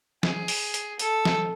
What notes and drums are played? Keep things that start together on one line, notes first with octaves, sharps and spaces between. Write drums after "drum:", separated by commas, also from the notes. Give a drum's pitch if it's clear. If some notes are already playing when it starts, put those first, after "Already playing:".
G#4, drum: snare
drum: open hi-hat
drum: hi-hat
A4, drum: hi-hat
drum: snare